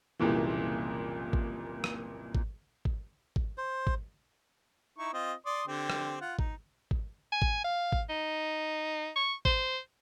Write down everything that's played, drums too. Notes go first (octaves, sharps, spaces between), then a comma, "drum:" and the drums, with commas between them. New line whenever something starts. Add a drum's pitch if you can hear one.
F#1 C2 A#2 E3
drum: kick G#1
drum: rim click
drum: kick G#1
drum: kick G#1
drum: kick G#1
C5
drum: kick G#1
D#4 E4 C#6
C4 F4 D#5
D5 C6 D#6
D3 C4 G4
drum: rim click
F4 F#5
D#4, drum: kick G#1
drum: kick G#1
G#5
drum: kick G#1
F5
drum: kick G#1
D#4
C#6
C5, drum: kick G#1